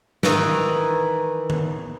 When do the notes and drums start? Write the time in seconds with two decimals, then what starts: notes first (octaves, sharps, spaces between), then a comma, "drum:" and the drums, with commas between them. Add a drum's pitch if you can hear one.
0.23 D#3 E3, drum: snare
1.50 drum: tom D#3